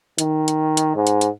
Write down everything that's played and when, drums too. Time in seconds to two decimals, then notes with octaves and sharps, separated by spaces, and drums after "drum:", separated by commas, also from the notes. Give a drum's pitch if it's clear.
0.18 D#3, drum: hi-hat
0.48 drum: hi-hat
0.77 drum: hi-hat
0.96 G#2
1.07 drum: hi-hat
1.21 drum: hi-hat